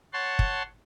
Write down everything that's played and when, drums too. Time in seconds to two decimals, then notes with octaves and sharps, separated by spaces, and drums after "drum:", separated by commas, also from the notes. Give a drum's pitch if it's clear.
0.13 C#5 F#5 A5 C6
0.39 drum: kick